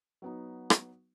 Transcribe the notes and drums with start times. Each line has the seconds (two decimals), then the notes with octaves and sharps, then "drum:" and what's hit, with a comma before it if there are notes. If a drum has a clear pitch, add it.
0.22 F#3 B3 D#4
0.70 drum: rim click